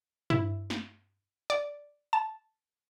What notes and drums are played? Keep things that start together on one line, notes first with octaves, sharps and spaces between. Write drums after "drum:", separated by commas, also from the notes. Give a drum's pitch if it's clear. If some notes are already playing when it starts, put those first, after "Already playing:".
E4, drum: tom G2
drum: snare
D5
A5